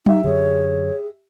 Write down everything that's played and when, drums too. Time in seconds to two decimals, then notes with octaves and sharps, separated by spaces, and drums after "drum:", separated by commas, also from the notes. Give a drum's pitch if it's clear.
0.06 D#4 G4 E5, drum: tom F#3
0.24 F#2 D3 G#4 C#5